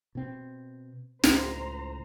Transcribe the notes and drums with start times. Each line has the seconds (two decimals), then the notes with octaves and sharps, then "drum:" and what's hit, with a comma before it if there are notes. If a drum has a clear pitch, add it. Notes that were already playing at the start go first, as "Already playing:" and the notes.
0.15 B2 C4
1.24 C#2 A2 C5 A#5, drum: snare